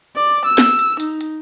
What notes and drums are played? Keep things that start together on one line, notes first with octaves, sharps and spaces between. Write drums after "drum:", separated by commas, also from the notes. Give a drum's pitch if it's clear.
D5
E6
drum: snare
drum: hi-hat
D#4, drum: hi-hat
drum: hi-hat